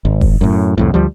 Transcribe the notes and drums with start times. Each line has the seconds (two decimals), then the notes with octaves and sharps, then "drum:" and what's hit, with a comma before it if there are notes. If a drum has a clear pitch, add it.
0.05 G#1
0.21 drum: kick F1
0.41 F#2 A2
0.78 C2 F2 A2
0.94 D2 F3 G3